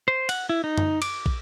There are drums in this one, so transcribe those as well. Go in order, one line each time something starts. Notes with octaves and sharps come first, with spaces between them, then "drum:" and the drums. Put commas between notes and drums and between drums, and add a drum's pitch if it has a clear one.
C5
F#5, drum: cymbal
E4
D#4
drum: tom F#2
D6, drum: cymbal
drum: kick